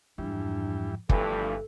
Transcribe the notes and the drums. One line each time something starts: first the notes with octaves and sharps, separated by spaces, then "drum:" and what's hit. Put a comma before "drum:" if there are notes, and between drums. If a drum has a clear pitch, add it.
F2 G#2 E3 G3 D4
G1 G2 E3 F3 A3 D4 A4, drum: kick